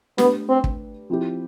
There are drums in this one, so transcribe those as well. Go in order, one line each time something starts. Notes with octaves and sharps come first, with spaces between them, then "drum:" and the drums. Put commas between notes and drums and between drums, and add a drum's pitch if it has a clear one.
A3 B3 D4 G4 B4, drum: snare
C4
drum: kick
F3 C4 E4 G4